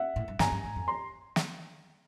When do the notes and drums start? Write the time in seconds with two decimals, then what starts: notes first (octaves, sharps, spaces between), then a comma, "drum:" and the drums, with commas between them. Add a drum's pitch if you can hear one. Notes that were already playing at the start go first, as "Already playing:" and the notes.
Already playing: E5 F#5
0.16 A2
0.28 G2
0.39 G#2 G#5 A#5, drum: snare
0.52 G2
0.64 G#2
0.76 F2
0.88 A#5 C6
1.36 drum: snare